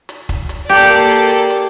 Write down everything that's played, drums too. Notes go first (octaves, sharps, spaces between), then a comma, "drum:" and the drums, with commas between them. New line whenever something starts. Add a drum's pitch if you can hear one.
drum: hi-hat
drum: kick, hi-hat
drum: hi-hat
A#3 G4 A4 D5, drum: hi-hat
drum: hi-hat
drum: hi-hat
drum: hi-hat
drum: hi-hat